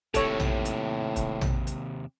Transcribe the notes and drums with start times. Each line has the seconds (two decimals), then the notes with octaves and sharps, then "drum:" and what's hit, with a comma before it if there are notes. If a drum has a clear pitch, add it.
0.14 D#2 A2 C3 A4 C#5, drum: kick, hi-hat
0.40 drum: tom A#1
0.65 drum: hi-hat
1.16 drum: kick, hi-hat
1.41 drum: tom A#1
1.67 drum: hi-hat